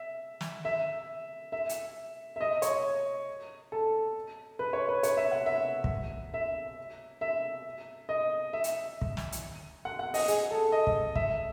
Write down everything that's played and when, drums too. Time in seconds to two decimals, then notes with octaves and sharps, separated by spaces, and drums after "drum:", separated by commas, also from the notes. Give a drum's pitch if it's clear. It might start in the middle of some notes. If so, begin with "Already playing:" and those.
Already playing: E5
0.41 drum: snare
0.65 E5
1.52 E5
1.69 drum: hi-hat
2.36 E5
2.41 D#5
2.62 C#5, drum: hi-hat
3.72 A4
4.59 B4
4.73 C#5
4.89 B4
5.03 C#5, drum: hi-hat
5.17 E5
5.32 F#5
5.46 E5
5.84 drum: kick
6.34 E5
7.21 E5
8.09 D#5
8.53 E5
8.64 drum: hi-hat
9.01 drum: kick
9.17 drum: snare
9.32 drum: hi-hat
9.85 F#5
9.99 F#5
10.14 D#5, drum: open hi-hat
10.28 G#4, drum: hi-hat
10.51 A4
10.72 D#5
10.87 drum: kick
11.16 E5, drum: kick